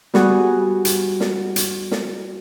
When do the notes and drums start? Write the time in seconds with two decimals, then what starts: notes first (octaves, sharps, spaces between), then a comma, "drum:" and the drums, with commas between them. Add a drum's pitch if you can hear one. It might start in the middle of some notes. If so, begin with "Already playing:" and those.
0.14 G3 B3 F#4 G#4, drum: snare
0.85 drum: hi-hat
1.20 drum: snare
1.56 drum: hi-hat
1.91 drum: snare